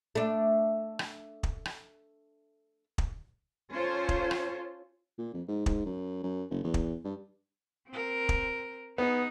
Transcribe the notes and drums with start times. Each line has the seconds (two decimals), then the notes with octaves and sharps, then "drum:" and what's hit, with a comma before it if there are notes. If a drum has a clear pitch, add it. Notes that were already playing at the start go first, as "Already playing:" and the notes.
0.15 A3 D4
0.99 drum: rim click
1.43 drum: kick
1.65 drum: rim click
2.98 drum: kick
3.72 C#4 F4 A4 C5 C#5
4.09 drum: kick
4.31 drum: rim click
5.18 A#2
5.34 F2
5.48 G#2
5.66 G#2, drum: kick
5.86 F#2
6.23 F#2
6.51 F#1
6.64 E2
6.74 drum: kick
7.04 G2
7.89 C4 A#4
8.29 drum: kick
8.98 B3 D#4 G#4